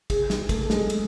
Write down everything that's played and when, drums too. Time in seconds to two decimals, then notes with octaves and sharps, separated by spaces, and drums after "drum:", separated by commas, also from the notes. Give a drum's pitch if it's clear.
0.10 G#4, drum: kick, cymbal
0.30 drum: snare
0.49 A3, drum: kick, cymbal
0.65 A3
0.70 G#3, drum: snare
0.90 drum: cymbal